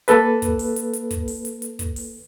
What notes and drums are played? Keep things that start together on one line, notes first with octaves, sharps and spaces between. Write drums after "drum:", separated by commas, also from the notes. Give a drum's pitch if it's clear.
A#3 A4 B4, drum: hi-hat
drum: kick, hi-hat
drum: open hi-hat
drum: hi-hat
drum: hi-hat
drum: kick, hi-hat
drum: open hi-hat
drum: hi-hat
drum: hi-hat
drum: kick, hi-hat
drum: open hi-hat